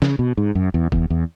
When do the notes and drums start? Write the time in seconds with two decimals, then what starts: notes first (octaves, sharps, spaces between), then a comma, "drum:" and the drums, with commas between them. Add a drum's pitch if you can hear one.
0.02 C#3, drum: snare
0.19 B2
0.37 G#2
0.55 F#2
0.74 E2
0.92 E2, drum: kick
1.10 E2